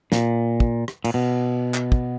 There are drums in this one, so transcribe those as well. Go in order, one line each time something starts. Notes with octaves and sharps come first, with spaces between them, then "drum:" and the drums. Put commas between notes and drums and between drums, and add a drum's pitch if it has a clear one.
A#2, drum: snare
drum: kick
drum: rim click
A#2, drum: cymbal
B2
drum: clap
drum: kick